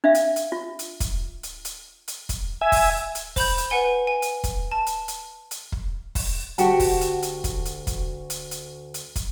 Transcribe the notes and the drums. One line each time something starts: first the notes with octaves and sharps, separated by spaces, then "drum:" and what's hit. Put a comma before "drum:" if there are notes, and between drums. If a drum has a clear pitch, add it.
D4 E5 F5
drum: hi-hat
drum: hi-hat
F4
drum: hi-hat
drum: kick, hi-hat
drum: hi-hat
drum: hi-hat
drum: hi-hat
drum: kick, hi-hat
E5 G#5
drum: kick, open hi-hat
drum: hi-hat
C5 B5 G6, drum: kick, open hi-hat
drum: hi-hat
B4 F#5 G#5 G7
G#5
drum: hi-hat
drum: kick, hi-hat
A5
drum: hi-hat
drum: hi-hat
drum: hi-hat
drum: kick
drum: kick, open hi-hat
D2 F#4 G4 F#5 A5, drum: hi-hat
drum: kick, open hi-hat
drum: hi-hat
drum: hi-hat
drum: kick, hi-hat
drum: hi-hat
drum: kick, hi-hat
drum: hi-hat
drum: hi-hat
drum: hi-hat
drum: kick, hi-hat